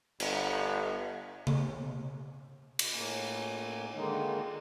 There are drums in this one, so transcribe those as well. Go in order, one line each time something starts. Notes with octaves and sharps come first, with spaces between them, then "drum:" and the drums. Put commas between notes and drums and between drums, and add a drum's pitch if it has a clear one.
G1, drum: cymbal
drum: tom C#3
drum: cymbal
A2 A#3 G#5
D3 D#3 G#3 A#3 D#4